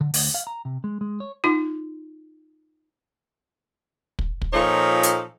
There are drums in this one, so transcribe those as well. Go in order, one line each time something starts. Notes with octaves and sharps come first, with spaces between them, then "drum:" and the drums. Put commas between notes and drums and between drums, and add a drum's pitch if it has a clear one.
D3
D2, drum: open hi-hat
F5
A#5
C3
G#3
G#3
C#5
D#4 F4
drum: kick
drum: kick
A#2 F3 D#4 A4 C#5
drum: hi-hat